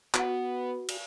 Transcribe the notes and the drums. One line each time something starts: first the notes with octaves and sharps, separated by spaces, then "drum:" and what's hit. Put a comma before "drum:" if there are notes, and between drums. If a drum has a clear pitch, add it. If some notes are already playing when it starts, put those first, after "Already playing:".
B3 F#4, drum: clap
drum: cymbal